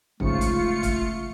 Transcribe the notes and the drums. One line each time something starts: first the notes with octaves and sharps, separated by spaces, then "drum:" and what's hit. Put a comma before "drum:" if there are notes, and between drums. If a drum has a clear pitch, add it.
G#2 C#3 F3 A3 F4 C#7, drum: kick
drum: kick, hi-hat
drum: kick, hi-hat